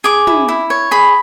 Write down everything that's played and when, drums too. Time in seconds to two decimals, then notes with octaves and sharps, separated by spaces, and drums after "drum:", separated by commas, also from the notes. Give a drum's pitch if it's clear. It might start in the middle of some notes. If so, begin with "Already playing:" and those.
0.04 G#4 D6
0.27 E4, drum: tom
0.48 E4
0.70 C#5
0.91 G#4 B5